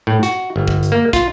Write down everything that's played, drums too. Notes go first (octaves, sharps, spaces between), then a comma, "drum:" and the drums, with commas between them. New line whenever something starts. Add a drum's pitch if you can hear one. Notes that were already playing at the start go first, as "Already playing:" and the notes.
A2
F#4, drum: hi-hat
G1
drum: kick
drum: hi-hat
A#3
F4, drum: kick, hi-hat